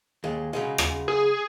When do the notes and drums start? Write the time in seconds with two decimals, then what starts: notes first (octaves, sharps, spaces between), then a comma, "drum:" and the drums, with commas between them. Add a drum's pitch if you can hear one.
0.24 D#2 G#3
0.53 C#3 F#3 G#3
0.78 drum: rim click
1.08 G#4